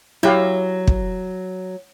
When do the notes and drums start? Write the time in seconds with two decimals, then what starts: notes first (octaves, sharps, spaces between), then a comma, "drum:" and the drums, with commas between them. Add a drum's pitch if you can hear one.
0.23 F#3 E4 G4 F5
0.87 drum: kick